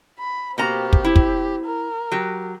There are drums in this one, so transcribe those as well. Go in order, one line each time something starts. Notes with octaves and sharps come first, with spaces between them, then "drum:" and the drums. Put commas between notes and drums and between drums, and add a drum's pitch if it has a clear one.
B5
B2 A#3 C4 G4 A#5
drum: kick
E4
drum: kick
A#4
F#3 G4